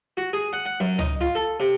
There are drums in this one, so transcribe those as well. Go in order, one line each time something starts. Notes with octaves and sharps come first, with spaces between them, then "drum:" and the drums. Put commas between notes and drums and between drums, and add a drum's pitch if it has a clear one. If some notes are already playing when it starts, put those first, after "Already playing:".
F#4
G#4
F#5
F#5
F#2
D#4, drum: tom C#2
F4
A4
C3